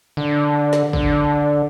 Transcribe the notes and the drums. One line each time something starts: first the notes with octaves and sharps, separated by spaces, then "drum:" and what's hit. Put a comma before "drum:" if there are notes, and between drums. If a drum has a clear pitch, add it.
D3
drum: snare
D3, drum: kick